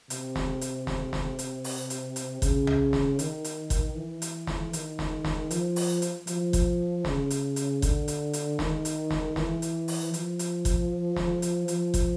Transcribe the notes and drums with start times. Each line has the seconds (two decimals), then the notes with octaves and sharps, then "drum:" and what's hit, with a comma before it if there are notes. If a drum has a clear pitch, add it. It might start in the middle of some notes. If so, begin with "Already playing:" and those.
0.10 C3, drum: hi-hat
0.36 drum: snare
0.61 drum: hi-hat
0.87 drum: snare
1.13 drum: snare
1.39 drum: hi-hat
1.64 drum: open hi-hat
1.90 drum: hi-hat
2.16 drum: hi-hat
2.42 C#3, drum: kick G1, hi-hat
2.67 drum: tom B1
2.93 drum: snare
3.19 D#3, drum: hi-hat
3.44 drum: hi-hat
3.70 drum: kick G1, hi-hat
3.96 E3
4.22 drum: hi-hat
4.47 drum: snare
4.73 D#3, drum: hi-hat
4.99 drum: snare
5.25 drum: snare
5.51 F3, drum: hi-hat
5.76 drum: open hi-hat
6.02 drum: hi-hat
6.27 F3, drum: hi-hat
6.53 drum: kick G1, hi-hat
7.05 C#3, drum: snare
7.30 drum: hi-hat
7.56 drum: hi-hat
7.82 D3, drum: kick G1, hi-hat
8.08 drum: hi-hat
8.33 drum: hi-hat
8.59 D#3, drum: snare
8.85 drum: hi-hat
9.11 drum: snare
9.36 E3, drum: snare
9.62 drum: hi-hat
9.88 drum: open hi-hat
10.14 F3, drum: hi-hat
10.39 drum: hi-hat
10.65 drum: kick G1, hi-hat
11.16 drum: snare
11.42 drum: hi-hat
11.68 F3, drum: hi-hat
11.94 drum: kick G1, hi-hat